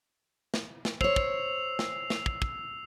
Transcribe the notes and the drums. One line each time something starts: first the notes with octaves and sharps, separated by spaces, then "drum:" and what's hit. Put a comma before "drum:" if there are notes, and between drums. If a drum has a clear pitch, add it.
drum: snare
drum: snare
C5 C#5 E6 C7 F7, drum: kick
drum: kick
drum: snare
drum: snare
drum: kick
drum: kick